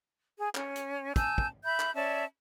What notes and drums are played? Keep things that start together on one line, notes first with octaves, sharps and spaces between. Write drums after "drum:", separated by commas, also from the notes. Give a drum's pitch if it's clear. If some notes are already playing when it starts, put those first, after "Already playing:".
G#4
C#4, drum: clap
drum: hi-hat
G#5 A5 E6 G6, drum: kick, hi-hat
drum: kick
E5 B5 G6
drum: clap
C#4 D5 E5 A5